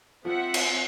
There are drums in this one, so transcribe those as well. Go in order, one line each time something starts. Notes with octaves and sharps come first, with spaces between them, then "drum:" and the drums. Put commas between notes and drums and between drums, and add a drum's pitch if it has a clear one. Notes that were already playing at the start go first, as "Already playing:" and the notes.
F3 C4 E5 F#5
drum: cymbal